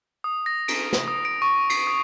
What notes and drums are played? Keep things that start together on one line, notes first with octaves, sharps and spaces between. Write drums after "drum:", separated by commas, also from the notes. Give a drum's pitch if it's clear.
D#6
A#6
D7, drum: cymbal
drum: snare
D#6
D7
C#6
C7, drum: cymbal
D#6